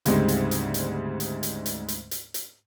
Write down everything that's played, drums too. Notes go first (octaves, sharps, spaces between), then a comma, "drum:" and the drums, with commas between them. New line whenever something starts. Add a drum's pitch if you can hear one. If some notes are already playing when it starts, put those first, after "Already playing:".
D2 G#2 C#3 G3 G#3 C4, drum: hi-hat
drum: hi-hat
drum: hi-hat
drum: hi-hat
drum: hi-hat
drum: hi-hat
drum: hi-hat
drum: hi-hat
drum: hi-hat
drum: hi-hat